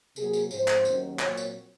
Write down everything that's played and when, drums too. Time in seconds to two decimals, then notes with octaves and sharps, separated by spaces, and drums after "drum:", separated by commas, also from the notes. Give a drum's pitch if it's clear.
0.16 C3 F#3 A#3 G#4, drum: tambourine
0.33 drum: tambourine
0.51 G#2 F3 C4 C5, drum: tambourine
0.68 drum: clap
0.85 D#2 D#3 F#3 C#4, drum: tambourine
1.19 A#2 F#3 C4 C#5, drum: clap
1.37 drum: tambourine